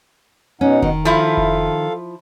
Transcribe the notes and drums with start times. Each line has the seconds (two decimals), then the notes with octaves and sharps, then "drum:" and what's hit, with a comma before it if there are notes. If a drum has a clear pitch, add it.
0.61 B2 C#4 D#4 F#5
0.82 D#3, drum: kick F1
1.05 F3 E4 A4 F5
1.37 drum: kick F1